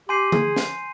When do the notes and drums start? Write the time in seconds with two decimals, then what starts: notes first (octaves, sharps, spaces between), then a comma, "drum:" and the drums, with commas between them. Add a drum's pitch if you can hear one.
0.09 G4 G#5 C6 G6 C7 D#7
0.32 G#4, drum: tom D3
0.56 drum: snare